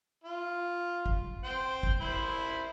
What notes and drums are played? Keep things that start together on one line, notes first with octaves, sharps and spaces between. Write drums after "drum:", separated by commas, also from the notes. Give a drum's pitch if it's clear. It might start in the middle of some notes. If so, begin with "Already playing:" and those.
F4
drum: kick
C5 G5
drum: kick
E4 C5 B5